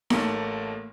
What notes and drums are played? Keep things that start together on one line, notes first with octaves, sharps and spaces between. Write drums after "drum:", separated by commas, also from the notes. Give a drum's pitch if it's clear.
A1 A3 A#3, drum: snare D#4